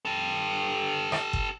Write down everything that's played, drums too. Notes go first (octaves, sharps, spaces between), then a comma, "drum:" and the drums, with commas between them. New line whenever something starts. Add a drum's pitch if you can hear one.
G4 A4
drum: rim click
drum: kick F#1